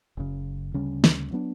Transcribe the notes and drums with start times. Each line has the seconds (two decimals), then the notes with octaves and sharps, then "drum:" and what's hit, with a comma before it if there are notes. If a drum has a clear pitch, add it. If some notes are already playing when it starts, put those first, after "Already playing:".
0.17 F#1 F#2 C#3
0.74 D2 C#3 G3 C#4
1.04 drum: snare
1.32 F#3 B3 D4